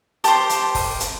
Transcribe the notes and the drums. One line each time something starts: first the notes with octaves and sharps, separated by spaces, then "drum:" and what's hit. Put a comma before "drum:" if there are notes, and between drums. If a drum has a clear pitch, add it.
G4 C5 A5 D6, drum: hi-hat
drum: hi-hat
drum: kick, open hi-hat
drum: hi-hat